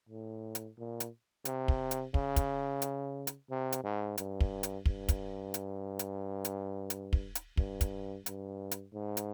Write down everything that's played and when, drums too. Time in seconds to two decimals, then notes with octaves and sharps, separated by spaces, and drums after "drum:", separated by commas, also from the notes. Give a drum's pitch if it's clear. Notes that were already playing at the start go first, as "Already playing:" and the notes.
0.09 A2
0.55 drum: hi-hat
0.78 A#2
1.00 drum: hi-hat
1.45 C3, drum: hi-hat
1.68 drum: kick
1.91 drum: hi-hat
2.14 C#3, drum: kick
2.36 drum: kick, hi-hat
2.82 drum: hi-hat
3.27 drum: hi-hat
3.50 C3
3.72 drum: hi-hat
3.83 G#2
4.18 G2, drum: hi-hat
4.40 drum: kick
4.63 drum: hi-hat
4.86 G2, drum: kick
5.09 drum: kick, hi-hat
5.54 drum: hi-hat
5.99 drum: hi-hat
6.45 drum: hi-hat
6.90 drum: hi-hat
7.13 drum: kick
7.35 drum: hi-hat
7.57 G2, drum: kick
7.81 drum: kick, hi-hat
8.26 G2, drum: hi-hat
8.71 drum: hi-hat
8.94 G#2
9.17 drum: hi-hat